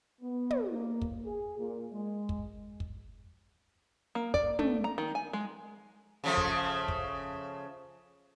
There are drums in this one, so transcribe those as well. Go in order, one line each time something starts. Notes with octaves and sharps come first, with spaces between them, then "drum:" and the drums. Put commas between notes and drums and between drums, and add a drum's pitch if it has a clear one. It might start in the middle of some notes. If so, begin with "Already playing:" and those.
B3
drum: tom
A#3
drum: kick
G#4
A#2
G#3
drum: kick
drum: kick
A#3
D5, drum: kick
A3, drum: tom
A#5
D#3
G#5
G#3
C#3 F3 A3
drum: kick
drum: kick